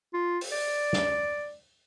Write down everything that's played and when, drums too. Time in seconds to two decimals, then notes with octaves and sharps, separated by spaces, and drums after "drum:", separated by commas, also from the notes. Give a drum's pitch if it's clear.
0.13 F4
0.41 drum: open hi-hat
0.52 D5
0.93 drum: snare